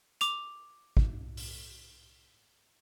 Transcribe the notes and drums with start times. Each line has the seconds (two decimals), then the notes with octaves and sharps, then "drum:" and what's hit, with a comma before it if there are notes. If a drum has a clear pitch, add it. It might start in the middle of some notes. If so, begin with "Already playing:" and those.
0.21 D6 F7, drum: hi-hat
0.97 drum: kick
1.37 drum: open hi-hat